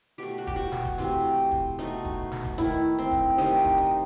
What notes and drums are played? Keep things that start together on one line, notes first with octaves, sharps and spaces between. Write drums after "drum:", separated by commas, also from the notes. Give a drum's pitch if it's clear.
B2 A3 G4
F#4
G4, drum: kick
F#4
drum: snare
drum: kick
C3 E3 A3 C4, drum: kick
drum: kick
B2 A3 D#4
drum: kick
drum: snare
drum: kick
D#3 A3 E4, drum: kick
C4
drum: kick
C3 D#3 A3 D#4
drum: kick
D#4